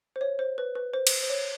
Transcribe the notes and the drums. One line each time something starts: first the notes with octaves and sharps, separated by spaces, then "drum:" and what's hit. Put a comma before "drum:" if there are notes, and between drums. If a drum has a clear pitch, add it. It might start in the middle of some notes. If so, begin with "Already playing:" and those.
C5
C#5
C5
B4
B4
C5
drum: cymbal
C5
C#5